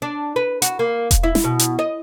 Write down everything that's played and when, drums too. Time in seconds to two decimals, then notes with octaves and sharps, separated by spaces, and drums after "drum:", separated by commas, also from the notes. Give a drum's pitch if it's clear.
0.02 D4
0.36 B4
0.62 F#4, drum: hi-hat
0.79 A#3
1.11 drum: kick E1, hi-hat
1.23 E4
1.35 drum: snare
1.44 B2
1.59 drum: hi-hat
1.79 D#5